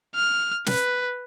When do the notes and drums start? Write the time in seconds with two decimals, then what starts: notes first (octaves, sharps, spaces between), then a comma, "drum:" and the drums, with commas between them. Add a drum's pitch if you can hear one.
0.15 F6
0.66 B4, drum: snare